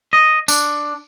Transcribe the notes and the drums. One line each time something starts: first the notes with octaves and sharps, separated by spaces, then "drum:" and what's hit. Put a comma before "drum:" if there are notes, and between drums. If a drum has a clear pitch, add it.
D#5
D4, drum: tambourine